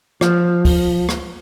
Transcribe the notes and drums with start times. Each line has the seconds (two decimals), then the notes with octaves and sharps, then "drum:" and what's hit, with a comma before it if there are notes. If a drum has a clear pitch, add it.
0.21 F3, drum: rim click
0.65 drum: kick, open hi-hat
1.09 drum: rim click